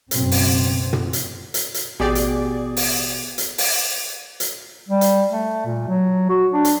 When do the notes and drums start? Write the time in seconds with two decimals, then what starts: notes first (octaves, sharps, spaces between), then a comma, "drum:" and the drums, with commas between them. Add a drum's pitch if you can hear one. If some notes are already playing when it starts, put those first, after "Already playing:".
0.11 F#1 B2 C4, drum: hi-hat
0.31 drum: open hi-hat
0.93 drum: tom
1.13 drum: hi-hat
1.54 drum: hi-hat
1.74 drum: hi-hat
2.00 A1 B2 G4 G#4 D5
2.15 drum: hi-hat
2.77 drum: open hi-hat
3.38 drum: hi-hat
3.58 drum: open hi-hat
4.40 drum: hi-hat
4.89 G3
5.01 drum: hi-hat
5.30 A3
5.66 A#2
5.88 F#3
6.29 F#4
6.53 D4
6.65 drum: hi-hat